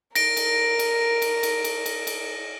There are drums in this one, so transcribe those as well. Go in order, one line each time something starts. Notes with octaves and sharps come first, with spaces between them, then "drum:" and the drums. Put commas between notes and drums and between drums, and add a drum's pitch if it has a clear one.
A#4 A#6 D7, drum: cymbal
drum: cymbal
drum: cymbal
drum: cymbal
drum: cymbal
drum: cymbal
drum: cymbal
drum: cymbal